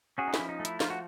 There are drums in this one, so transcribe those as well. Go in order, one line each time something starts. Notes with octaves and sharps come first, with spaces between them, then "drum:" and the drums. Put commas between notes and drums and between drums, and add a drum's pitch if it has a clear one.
C#4 F#4 G#4
D#4
E4, drum: snare
F3
D#4
A3
E4, drum: hi-hat
F3 F4, drum: snare
F#4